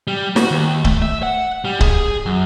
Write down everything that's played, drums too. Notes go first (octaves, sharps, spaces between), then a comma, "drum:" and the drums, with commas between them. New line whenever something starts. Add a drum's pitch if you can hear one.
G3
F#4, drum: snare
D#2
A3, drum: kick C#1
E5
F#5
G3
G#4, drum: kick C#1
F#2